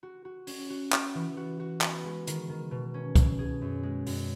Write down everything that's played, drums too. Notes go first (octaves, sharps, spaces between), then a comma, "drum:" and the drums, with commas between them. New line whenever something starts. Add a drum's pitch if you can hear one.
F#4
F#4
C#4, drum: open hi-hat
F#4
F#4, drum: clap
E3
F#4
F#4
B3, drum: clap
G#3
D#3, drum: hi-hat
D#3
B2
C#4
B2, drum: kick C2, hi-hat
G#4
F#2
G#3
F#2, drum: open hi-hat